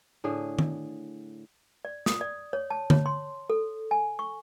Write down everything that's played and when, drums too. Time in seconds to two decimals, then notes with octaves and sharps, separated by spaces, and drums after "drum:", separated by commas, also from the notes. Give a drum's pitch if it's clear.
0.24 A2 D3 G#4
0.59 drum: tom D#3
1.85 D5
2.06 D#6, drum: snare
2.21 D5
2.53 C#5
2.70 A5
2.90 C#5, drum: tom D3
3.06 C6
3.50 A4
3.91 G#5
4.19 C#6